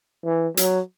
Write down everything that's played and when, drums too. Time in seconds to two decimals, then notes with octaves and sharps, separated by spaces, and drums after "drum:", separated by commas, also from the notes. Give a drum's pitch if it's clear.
0.25 E3
0.57 F#3, drum: hi-hat